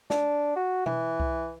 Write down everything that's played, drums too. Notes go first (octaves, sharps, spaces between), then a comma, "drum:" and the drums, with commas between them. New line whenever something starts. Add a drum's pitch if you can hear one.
D4, drum: snare
F#4
E3, drum: tom B2
drum: kick C2